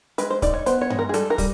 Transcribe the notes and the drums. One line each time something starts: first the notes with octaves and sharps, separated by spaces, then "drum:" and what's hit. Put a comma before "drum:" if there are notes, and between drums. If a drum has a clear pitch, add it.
G#3 B4, drum: hi-hat
C5
D#4 D5, drum: kick, hi-hat
C#5
B3 C5, drum: hi-hat
C#5
G#3, drum: tom G2
A#4
G#4
G3 A4, drum: hi-hat
A#4
G3, drum: kick, open hi-hat